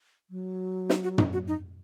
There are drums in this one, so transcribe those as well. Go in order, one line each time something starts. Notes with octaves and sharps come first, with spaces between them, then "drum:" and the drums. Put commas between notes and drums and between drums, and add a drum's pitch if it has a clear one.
F#3
D#4, drum: snare
F#4
D#4, drum: tom
F#4
D#4